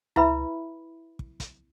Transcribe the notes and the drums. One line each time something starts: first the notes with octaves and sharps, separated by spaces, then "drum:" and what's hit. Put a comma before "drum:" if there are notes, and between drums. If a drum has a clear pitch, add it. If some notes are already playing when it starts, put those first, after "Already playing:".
E4 B4 E5 B5, drum: tom C#2
drum: kick
drum: kick, hi-hat